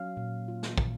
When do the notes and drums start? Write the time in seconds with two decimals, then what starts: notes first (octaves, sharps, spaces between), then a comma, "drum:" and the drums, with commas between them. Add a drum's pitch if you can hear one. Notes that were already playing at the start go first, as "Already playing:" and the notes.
Already playing: F#3 C#4 F5
0.17 A#2
0.48 F4
0.63 drum: snare
0.78 A#2, drum: kick